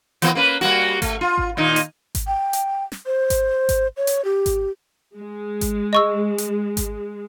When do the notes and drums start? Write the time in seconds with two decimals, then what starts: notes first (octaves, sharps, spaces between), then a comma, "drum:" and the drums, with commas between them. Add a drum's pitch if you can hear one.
0.22 E3 A#3 B3, drum: hi-hat
0.35 A#3 C#4 B4
0.61 G3 A#3 F#4, drum: snare
1.02 A3, drum: kick G#1, hi-hat
1.21 F4
1.38 drum: kick G#1
1.57 D#2 A#2 D#4
1.76 drum: hi-hat
2.15 drum: kick G#1, hi-hat
2.27 G5
2.53 drum: hi-hat
2.92 drum: snare
3.06 C5
3.30 drum: kick G#1, hi-hat
3.69 drum: kick G#1, hi-hat
3.97 C#5
4.07 drum: hi-hat
4.25 G4
4.46 drum: kick G#1, hi-hat
5.16 G#3
5.61 drum: kick G#1, hi-hat
5.93 D#5 C#6 E6
6.38 drum: hi-hat
6.77 drum: kick G#1, hi-hat